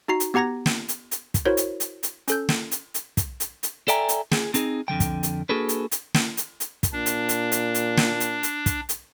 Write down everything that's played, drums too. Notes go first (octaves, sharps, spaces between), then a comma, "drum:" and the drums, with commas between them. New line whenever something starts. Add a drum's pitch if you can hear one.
D#4 F#4 A#5 C7
drum: hi-hat
B3 G4 F#5 A#5 G#6 A#6
drum: snare
drum: hi-hat
drum: hi-hat
drum: kick, hi-hat
E4 F#4 A#4 C5 C#5
drum: hi-hat
drum: hi-hat
drum: hi-hat
C#4 A4 G6, drum: hi-hat
drum: snare
drum: hi-hat
drum: hi-hat
drum: kick, hi-hat
drum: hi-hat
drum: hi-hat
A4 D5 E5 G5 G#5 A#5, drum: hi-hat
drum: hi-hat
G#4, drum: snare
C4 D#4 G#4, drum: hi-hat
F2 D3 F3 G5
drum: kick, hi-hat
drum: hi-hat
A#3 D4 F#4 G#4 A4 B4
drum: hi-hat
drum: hi-hat
drum: snare
drum: hi-hat
drum: hi-hat
drum: kick, hi-hat
A#2 D4
drum: hi-hat
drum: hi-hat
drum: hi-hat
drum: hi-hat
drum: snare
drum: hi-hat
drum: hi-hat
drum: kick, hi-hat
drum: hi-hat